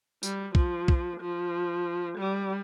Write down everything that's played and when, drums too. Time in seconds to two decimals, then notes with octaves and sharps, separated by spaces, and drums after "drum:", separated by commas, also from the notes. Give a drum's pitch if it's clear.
0.23 G3, drum: tambourine
0.55 F3, drum: kick
0.88 drum: kick
1.20 F3
2.18 G3